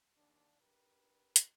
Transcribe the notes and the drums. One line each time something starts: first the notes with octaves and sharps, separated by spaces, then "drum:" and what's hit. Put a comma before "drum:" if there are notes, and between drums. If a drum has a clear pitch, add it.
D#2 D4
D4 G4 A#4 B4
drum: hi-hat